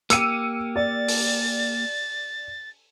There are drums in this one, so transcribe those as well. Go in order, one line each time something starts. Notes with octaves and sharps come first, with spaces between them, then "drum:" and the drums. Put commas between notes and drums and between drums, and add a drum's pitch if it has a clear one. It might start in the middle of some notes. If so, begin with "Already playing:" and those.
A#3 G4 E6 C#7 D#7, drum: hi-hat
D5 A6
drum: open hi-hat